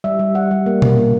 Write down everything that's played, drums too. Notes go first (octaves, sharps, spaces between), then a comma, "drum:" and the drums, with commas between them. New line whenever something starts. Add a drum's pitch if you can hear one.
G3 E5
G3
G3 F#5
G3
A#3
A#3, drum: tom B2
A#2